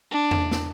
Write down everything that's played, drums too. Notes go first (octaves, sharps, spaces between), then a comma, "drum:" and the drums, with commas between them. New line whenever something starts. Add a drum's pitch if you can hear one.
D4
drum: tom E2
drum: snare